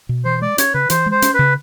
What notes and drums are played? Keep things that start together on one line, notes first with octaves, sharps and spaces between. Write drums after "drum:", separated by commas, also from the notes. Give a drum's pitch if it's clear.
B2
E3 C5
G#3 D5
C#4 C#5, drum: hi-hat
C#3 B4
E3 C5, drum: hi-hat
G#3
C5
C#4, drum: hi-hat
C#3 B4